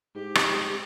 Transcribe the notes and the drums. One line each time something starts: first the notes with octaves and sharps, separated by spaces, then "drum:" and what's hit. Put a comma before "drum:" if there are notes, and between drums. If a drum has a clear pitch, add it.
G#2 G4
drum: rim click